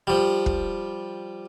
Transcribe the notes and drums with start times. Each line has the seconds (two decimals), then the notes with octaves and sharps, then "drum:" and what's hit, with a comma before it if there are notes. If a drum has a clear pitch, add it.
0.07 F3 G3
0.46 drum: kick